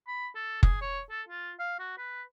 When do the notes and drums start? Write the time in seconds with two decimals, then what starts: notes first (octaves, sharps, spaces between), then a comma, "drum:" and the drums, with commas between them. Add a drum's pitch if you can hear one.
0.08 B5
0.35 A4
0.63 G#4, drum: kick F#1
0.81 C#5
1.10 A4
1.29 F4
1.59 F5
1.80 F#4
1.98 B4